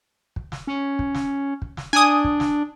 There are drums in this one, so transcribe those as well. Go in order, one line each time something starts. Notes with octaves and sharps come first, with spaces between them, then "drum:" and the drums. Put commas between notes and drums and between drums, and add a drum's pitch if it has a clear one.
drum: kick
drum: snare
C#4
drum: kick
drum: snare
drum: kick
drum: snare
D4 G#5 D#6
drum: kick
drum: snare